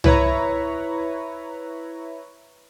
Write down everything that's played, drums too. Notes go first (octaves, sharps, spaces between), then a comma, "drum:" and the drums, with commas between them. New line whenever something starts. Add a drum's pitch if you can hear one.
E4 B4 C#5 A#5, drum: tom C2